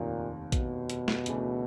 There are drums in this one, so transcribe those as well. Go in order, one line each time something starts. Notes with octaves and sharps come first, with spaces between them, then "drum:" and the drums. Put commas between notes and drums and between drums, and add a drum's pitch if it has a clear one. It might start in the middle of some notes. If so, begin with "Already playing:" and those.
Already playing: F1 D#2 A#2 D#3
B2, drum: kick A#1, hi-hat
drum: hi-hat
drum: snare
D2 C#3 E3 A3 D4, drum: hi-hat